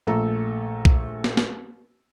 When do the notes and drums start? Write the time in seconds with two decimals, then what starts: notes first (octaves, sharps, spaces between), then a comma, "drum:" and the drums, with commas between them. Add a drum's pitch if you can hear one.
0.07 A#1 A3 A4 A#5
0.85 drum: kick B1
1.24 drum: snare
1.37 drum: snare